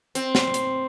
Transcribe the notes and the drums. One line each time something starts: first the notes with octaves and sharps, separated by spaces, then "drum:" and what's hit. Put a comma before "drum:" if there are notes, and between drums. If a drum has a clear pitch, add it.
C4, drum: hi-hat
drum: snare
drum: hi-hat